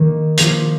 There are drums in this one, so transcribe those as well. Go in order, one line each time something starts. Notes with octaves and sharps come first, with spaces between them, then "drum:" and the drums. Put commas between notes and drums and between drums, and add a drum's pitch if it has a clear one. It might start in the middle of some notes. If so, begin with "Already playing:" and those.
Already playing: D#3 A#3 D#4
F3 A#3 F4, drum: hi-hat